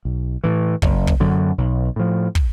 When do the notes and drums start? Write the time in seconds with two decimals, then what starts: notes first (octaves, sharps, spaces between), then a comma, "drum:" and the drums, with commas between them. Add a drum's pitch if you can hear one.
0.05 B1
0.44 A2 E3
0.82 F#1, drum: kick
1.07 drum: kick
1.20 F#2 D3 F#3
1.58 B1
1.96 A2 F3
2.35 drum: kick